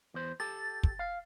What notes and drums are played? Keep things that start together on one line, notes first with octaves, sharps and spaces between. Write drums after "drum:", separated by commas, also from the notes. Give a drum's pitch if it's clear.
E2 C5
G4 A4 A6
drum: kick
F5